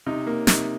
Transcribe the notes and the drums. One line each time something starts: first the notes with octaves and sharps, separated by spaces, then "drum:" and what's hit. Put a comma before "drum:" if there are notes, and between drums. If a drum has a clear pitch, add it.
C3 D#4
A#3
C3 D#4, drum: snare